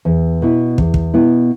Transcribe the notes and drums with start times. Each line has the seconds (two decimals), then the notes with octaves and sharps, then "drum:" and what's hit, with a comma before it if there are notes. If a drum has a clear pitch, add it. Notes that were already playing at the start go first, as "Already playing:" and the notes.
0.05 E2
0.42 B2 B3 E4
0.78 E2, drum: kick
0.94 drum: kick
1.14 B2 B3 E4